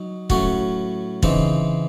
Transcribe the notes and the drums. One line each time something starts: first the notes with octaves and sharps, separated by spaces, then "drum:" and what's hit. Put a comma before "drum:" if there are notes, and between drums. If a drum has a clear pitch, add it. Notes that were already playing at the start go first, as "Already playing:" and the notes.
Already playing: F#3 D#4
A2 F#3 C#4 F#4, drum: kick
C#3 E3 C4 D#4, drum: kick